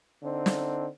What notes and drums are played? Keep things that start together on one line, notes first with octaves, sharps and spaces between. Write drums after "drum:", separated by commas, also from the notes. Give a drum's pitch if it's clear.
D3 C4 D#4
drum: snare